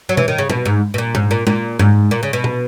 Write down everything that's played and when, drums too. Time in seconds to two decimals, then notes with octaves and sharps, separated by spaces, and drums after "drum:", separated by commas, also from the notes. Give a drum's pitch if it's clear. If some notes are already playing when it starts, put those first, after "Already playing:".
0.09 F#3
0.17 E3, drum: tom B2
0.28 D#3
0.38 C#3
0.50 B2, drum: tom A#2
0.65 G#2
0.94 B2
0.98 A#2
1.15 G#2, drum: tom A#2
1.31 A#2
1.47 A#2, drum: tom G#3
1.79 G#2, drum: tom G2
2.11 A#2
2.23 C#3
2.33 B2
2.44 drum: tom A#2